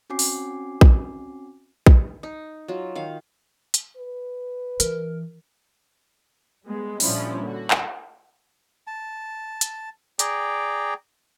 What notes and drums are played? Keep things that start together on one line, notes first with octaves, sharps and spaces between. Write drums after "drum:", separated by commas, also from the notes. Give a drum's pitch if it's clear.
C4 C#4 F#4 G#5 D6 C7
drum: open hi-hat
drum: kick A#1
drum: kick A#1
D#4
F#3 F4
D#3 F5
drum: hi-hat
B4
E3 A#4, drum: hi-hat
G3 G#3 B3
A#2 F3 G3 C#4 D4 E4, drum: open hi-hat
D3 F#4
drum: clap
A5
drum: hi-hat
G#4 D5 G5 A#5, drum: hi-hat